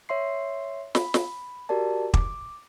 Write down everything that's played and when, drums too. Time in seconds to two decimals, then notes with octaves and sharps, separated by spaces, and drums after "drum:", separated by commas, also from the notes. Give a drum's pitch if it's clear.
0.09 C#5 E5 C6 C7
0.95 B5, drum: snare
1.14 drum: snare
1.69 F#4 G4 A#4 D5 A5
2.14 D6, drum: kick